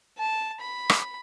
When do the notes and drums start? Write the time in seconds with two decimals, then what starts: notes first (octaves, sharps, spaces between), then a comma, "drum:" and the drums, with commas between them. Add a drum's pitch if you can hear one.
0.18 A5
0.61 B5
0.89 drum: rim click